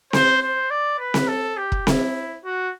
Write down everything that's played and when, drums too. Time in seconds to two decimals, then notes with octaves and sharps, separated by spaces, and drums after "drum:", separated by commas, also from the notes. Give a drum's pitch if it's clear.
0.13 C5, drum: snare C4
0.42 C5
0.71 D5
0.99 B4
1.14 drum: snare C4
1.28 A4
1.57 G4
1.72 drum: kick
1.87 E4, drum: snare C4
2.44 F#4